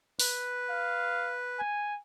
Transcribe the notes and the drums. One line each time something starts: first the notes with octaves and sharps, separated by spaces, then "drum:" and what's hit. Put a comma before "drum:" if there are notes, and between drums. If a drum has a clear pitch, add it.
B4, drum: open hi-hat
F5
G#5